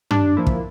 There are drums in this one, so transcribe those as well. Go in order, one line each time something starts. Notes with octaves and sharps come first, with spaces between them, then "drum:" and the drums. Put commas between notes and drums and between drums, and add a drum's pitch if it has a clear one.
G2 D4, drum: tom
F3 A#3 E4
drum: kick